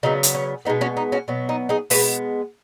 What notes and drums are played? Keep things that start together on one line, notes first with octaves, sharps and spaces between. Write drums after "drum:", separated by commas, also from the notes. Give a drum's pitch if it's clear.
C#3 F#3 B3 D#4
drum: hi-hat
C#4
B2 G#3 B3 D#4
C#4 F#4
D#4
C#4 F#4
B2 F#3 B3
D#4
D#4 G#4
B2 G#3 B3 F#4 B4, drum: open hi-hat